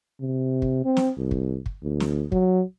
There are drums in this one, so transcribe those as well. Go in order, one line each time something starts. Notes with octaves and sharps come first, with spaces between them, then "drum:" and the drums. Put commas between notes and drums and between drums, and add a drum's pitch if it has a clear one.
C3
drum: kick
C4
drum: snare
C2
drum: kick
drum: kick
D2
drum: snare
F#3, drum: kick